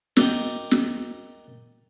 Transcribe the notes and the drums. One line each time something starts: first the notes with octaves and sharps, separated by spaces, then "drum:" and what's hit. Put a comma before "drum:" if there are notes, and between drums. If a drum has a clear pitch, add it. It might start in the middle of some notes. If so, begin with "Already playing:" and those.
A#4 D5 D#5 F#5 G5, drum: snare
drum: snare